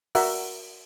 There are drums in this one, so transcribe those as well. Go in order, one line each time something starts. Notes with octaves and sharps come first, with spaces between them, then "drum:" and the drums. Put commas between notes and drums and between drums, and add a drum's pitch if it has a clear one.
F#4 A#4 D5 E5 F#5, drum: open hi-hat